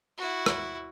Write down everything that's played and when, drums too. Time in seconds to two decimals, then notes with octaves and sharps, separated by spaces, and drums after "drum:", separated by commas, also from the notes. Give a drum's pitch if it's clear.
0.17 E4 F#4
0.46 drum: rim click